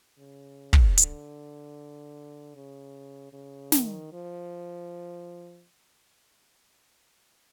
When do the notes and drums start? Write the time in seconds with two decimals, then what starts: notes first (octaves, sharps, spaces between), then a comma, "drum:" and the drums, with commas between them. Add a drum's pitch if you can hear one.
0.18 C#3
0.73 drum: kick
0.97 D3, drum: hi-hat
2.55 C#3
3.33 C#3
3.72 D#3, drum: snare
4.12 F3